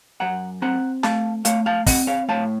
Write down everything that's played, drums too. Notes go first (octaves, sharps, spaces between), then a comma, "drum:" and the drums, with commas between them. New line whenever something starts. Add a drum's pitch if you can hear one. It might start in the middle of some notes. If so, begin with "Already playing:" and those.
F#2 F#5 A#5
C4 F#5 A#5
A3 F5 A5, drum: snare
A3 C#5 F5, drum: hi-hat
F5 A5
C4 D#5 F#5, drum: kick, open hi-hat
C#5 F5
A2 F5 A5